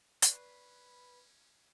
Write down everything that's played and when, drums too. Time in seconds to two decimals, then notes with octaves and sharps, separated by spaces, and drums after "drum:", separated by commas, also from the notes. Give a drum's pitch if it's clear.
0.22 C#4 B4 D5 C#6 C7, drum: hi-hat